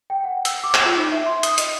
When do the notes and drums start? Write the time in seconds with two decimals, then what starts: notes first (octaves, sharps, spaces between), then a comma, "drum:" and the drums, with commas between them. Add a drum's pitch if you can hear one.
0.10 G5
0.24 F#5
0.45 E6, drum: hi-hat
0.64 D6
0.74 drum: clap
0.85 F4
0.97 D#4
1.12 E5
1.26 C6
1.43 D#6, drum: hi-hat
1.58 D#5, drum: hi-hat